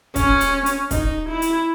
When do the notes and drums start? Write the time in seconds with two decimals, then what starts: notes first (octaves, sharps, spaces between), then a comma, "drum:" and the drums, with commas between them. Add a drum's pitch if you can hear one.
0.16 C#4, drum: kick, hi-hat
0.41 drum: hi-hat
0.66 drum: hi-hat
0.91 D#4, drum: kick, hi-hat
1.29 E4
1.42 drum: hi-hat